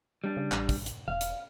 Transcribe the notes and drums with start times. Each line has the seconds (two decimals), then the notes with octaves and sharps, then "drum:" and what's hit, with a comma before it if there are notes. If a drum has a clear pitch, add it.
0.24 G3 D4
0.37 C#3
0.52 A1, drum: clap
0.69 drum: kick, open hi-hat
0.86 drum: hi-hat
1.08 E1 F5
1.21 drum: hi-hat